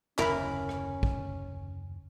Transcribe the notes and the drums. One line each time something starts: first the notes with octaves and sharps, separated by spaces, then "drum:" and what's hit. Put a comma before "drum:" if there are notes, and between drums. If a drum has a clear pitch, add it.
F#1 D#2 C3 C#4 E4 A#4 B5, drum: clap
drum: rim click
drum: kick